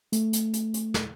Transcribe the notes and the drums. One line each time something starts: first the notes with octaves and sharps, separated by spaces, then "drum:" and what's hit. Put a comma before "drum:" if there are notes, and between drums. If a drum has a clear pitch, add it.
A3, drum: hi-hat
drum: hi-hat
drum: hi-hat
drum: hi-hat
drum: snare